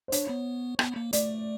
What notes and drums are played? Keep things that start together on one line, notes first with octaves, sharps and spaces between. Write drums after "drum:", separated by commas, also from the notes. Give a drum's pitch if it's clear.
C5
D4 C#5, drum: hi-hat
B3
B3, drum: rim click
A#3
A3 D5, drum: hi-hat